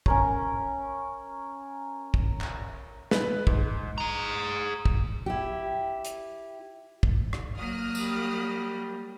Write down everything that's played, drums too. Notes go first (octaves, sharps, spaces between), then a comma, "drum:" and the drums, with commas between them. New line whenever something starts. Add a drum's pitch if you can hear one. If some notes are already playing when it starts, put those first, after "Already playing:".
C#4 A#4 C#5, drum: kick
drum: kick
drum: clap
B4, drum: snare
G#2, drum: kick
G#4 A#5
drum: kick
E4 G4
drum: hi-hat
drum: kick
drum: rim click
F#3 A#3 D#6 F6 F#6
G3, drum: tambourine